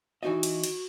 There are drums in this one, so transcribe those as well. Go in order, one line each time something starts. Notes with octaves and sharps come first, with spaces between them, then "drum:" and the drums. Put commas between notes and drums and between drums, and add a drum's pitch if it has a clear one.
E3 D#4 F#4 D#5
drum: cymbal
drum: cymbal